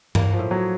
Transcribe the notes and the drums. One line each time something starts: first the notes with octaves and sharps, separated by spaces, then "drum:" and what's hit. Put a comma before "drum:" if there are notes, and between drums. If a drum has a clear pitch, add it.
A#3, drum: tom G2
F3
A2
F#3